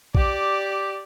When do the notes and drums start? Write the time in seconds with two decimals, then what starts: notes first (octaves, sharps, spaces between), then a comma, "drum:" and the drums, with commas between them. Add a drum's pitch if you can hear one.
0.15 G4 D5, drum: kick A#1